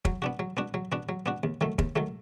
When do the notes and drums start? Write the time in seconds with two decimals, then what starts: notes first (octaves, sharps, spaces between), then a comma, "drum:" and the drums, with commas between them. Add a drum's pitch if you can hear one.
0.05 F#3, drum: kick
0.22 B3 D4 F#4
0.39 F#3
0.57 B3 D4 F#4
0.74 F#3
0.92 B3 D4 F#4
1.09 F#3
1.26 B3 D4 F#4
1.43 D#2
1.61 D#3 F#3 A3
1.79 D#2, drum: kick
1.96 D#3 F#3 A3